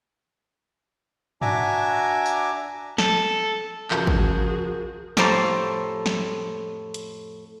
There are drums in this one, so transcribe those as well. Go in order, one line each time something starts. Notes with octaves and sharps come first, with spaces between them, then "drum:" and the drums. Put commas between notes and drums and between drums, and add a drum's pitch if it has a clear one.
D4 F#4 E5 G#5 A#5 D6, drum: tom G2
drum: tambourine
A4, drum: snare
C#2 F3 F#4 G#4 A#4 G6, drum: clap
drum: kick
F2 A2 G4 A4 C5 A#5, drum: snare
drum: snare
drum: hi-hat